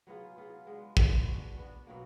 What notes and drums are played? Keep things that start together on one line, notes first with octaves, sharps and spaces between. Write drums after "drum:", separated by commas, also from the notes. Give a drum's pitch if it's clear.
F#3 B3 F4 G#4
F#3 B3 F4 G#4
G#3 B3 D4
G#3 B3 D4, drum: kick
B3 D4 F#4
B3 D4 F#4
B2 F#3 A#3